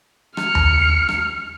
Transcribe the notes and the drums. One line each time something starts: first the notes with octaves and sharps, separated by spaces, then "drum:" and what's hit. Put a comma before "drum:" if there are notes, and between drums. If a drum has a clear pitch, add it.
F6 C#7, drum: rim click
drum: tom D#2
drum: rim click